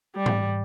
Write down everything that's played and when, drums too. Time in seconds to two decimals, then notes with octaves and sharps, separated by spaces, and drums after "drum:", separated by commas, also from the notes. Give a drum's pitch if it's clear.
0.15 G3
0.26 drum: tom G#2